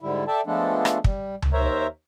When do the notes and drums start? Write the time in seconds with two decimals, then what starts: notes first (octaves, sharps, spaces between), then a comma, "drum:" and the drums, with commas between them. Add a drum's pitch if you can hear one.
0.01 G#2 D3 G3 E4
0.28 A4 D5 E5 G5 A5
0.47 F3 G#3 A3 B3 D4 A4
0.85 drum: rim click
1.04 G3, drum: kick
1.42 drum: tom C#2
1.53 D#2 A#4 C5 C#5 E5 A#5